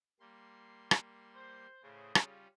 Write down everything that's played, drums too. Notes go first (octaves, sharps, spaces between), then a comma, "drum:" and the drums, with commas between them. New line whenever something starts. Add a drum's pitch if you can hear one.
G3 A#3 C6
drum: rim click
C5
A2 C#3 G#4 C5
G3 C#4 F4, drum: rim click